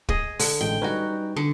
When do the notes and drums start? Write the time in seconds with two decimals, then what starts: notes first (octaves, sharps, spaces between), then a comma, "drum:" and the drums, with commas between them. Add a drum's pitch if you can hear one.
0.09 G#4 D#5, drum: kick
0.39 D3, drum: open hi-hat
0.61 A1 G#3 G5
0.82 G3 C#4 D#4 F#4 B4
1.36 D3